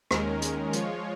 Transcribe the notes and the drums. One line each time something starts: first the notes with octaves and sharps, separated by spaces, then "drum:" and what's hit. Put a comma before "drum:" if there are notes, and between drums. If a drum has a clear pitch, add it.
D#2 D#3 G#3 C#4 A#4, drum: rim click
drum: hi-hat
F3 G#3 F4 C#5, drum: hi-hat